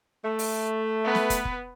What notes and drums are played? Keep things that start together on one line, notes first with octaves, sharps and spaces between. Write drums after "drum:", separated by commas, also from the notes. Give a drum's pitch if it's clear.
A3
drum: open hi-hat
B3 B4
drum: snare
drum: kick, hi-hat
drum: kick